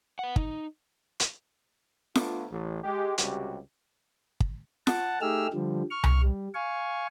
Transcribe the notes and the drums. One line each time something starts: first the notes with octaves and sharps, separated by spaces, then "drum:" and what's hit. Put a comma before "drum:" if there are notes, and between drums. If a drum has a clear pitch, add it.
B4 F#5
D#4, drum: kick
drum: hi-hat
A3 B3 D4 F4, drum: snare F4
A1
G#3 G4
C#2 C3 G3 F#4 G4, drum: hi-hat
drum: kick
F#5 A5, drum: snare F4
A3 D#4 G4 G#4 E6 F6
D3 F3 G3
C#6 F6
drum: tom C2
G3
F5 G#5 C#6